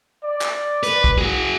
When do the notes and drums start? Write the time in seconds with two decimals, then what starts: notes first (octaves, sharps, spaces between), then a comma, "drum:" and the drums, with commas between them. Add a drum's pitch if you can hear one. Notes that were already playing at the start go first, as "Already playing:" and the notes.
0.24 D5
0.41 drum: clap
0.83 B4, drum: hi-hat
1.04 drum: kick
1.18 F#4 G#4